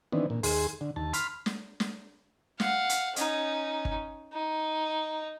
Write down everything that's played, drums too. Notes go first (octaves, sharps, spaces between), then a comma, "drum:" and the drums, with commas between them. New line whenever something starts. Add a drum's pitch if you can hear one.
D#3 E3 B3 C4 D4
A#2
D#2 G#4 C6, drum: open hi-hat
D3
D#2 A5
B5 C6 F6, drum: hi-hat
drum: snare
drum: snare
F5 F#5, drum: snare
drum: hi-hat
C#4 D#4, drum: hi-hat
drum: kick
D#4